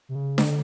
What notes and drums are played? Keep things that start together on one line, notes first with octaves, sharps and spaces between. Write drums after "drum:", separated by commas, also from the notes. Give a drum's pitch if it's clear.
C3
C#3
D3, drum: snare D4